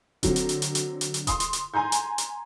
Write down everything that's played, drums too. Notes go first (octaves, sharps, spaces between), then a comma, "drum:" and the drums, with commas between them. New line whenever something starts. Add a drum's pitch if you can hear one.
D3 F#3 C4, drum: kick D#1, hi-hat
drum: hi-hat
drum: hi-hat
drum: hi-hat
drum: hi-hat
drum: hi-hat
drum: hi-hat
C6 D#6, drum: kick D#1, hi-hat
drum: hi-hat
drum: hi-hat
G#5 A#5 C6 G6
drum: hi-hat
drum: hi-hat